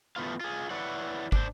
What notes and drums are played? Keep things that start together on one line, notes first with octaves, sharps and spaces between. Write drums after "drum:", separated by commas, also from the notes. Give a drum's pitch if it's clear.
E2 E3 A3 B3 F4 F5
F4 G#4
E4 B4 C#5 D5 F#5
D4 C5, drum: kick